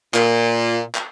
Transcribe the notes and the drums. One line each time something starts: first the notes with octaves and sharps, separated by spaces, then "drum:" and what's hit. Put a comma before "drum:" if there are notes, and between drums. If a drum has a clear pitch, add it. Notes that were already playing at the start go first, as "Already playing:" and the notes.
A#2, drum: clap
drum: clap